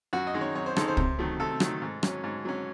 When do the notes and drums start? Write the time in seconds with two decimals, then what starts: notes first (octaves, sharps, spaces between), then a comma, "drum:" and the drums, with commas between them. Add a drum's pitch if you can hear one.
0.13 F#2 F#4
0.27 D#5
0.34 D#3 G#3 D#4
0.41 C#5
0.55 F#2 C#5
0.66 C5
0.76 D#3 G#3 D#4 A4, drum: rim click
0.88 C5
0.97 C3, drum: kick
1.19 D#3 F#3 A3
1.40 C3 A4
1.60 D#3 F#3 A3, drum: rim click
1.82 G#2
2.03 F#3 C#4, drum: rim click
2.24 G#2
2.45 F#3 C#4